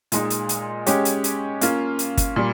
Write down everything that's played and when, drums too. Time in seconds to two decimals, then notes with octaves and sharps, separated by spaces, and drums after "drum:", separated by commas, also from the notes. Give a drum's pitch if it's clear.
0.12 A#2 G#3 D#4, drum: hi-hat
0.30 drum: hi-hat
0.49 drum: hi-hat
0.86 G#3 C#4 G4 C#5, drum: hi-hat
1.05 drum: hi-hat
1.24 drum: hi-hat
1.61 A#3 C#4 F4, drum: hi-hat
1.99 drum: hi-hat
2.17 drum: kick G1, hi-hat
2.36 A#2 G3